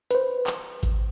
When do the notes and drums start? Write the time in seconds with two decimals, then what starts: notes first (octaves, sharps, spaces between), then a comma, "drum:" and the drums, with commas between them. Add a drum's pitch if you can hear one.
0.11 B4 C5, drum: hi-hat
0.47 drum: clap
0.83 drum: kick G#1, hi-hat